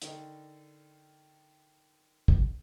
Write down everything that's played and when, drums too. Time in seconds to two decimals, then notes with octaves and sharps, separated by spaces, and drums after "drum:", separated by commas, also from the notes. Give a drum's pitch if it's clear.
0.02 D3 D#3 D#4, drum: hi-hat
2.28 drum: kick